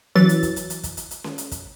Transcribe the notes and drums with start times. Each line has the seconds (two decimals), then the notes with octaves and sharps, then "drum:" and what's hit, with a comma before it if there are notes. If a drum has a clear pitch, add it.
0.15 E3 F#3 A6, drum: snare C#4
0.29 drum: hi-hat
0.43 drum: kick, hi-hat
0.56 drum: hi-hat
0.70 drum: hi-hat
0.83 drum: kick, hi-hat
0.97 drum: hi-hat
1.11 drum: hi-hat
1.24 drum: snare C#4
1.38 drum: hi-hat
1.51 drum: kick, hi-hat